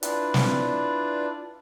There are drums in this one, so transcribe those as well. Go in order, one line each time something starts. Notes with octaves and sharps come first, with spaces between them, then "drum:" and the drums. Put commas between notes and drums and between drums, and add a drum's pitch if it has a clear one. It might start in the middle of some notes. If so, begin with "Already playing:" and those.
D4 E4 F4 B4 D5, drum: hi-hat
drum: snare